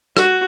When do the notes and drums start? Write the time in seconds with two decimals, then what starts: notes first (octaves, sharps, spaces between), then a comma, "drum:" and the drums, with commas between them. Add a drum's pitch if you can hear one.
0.17 F#4, drum: rim click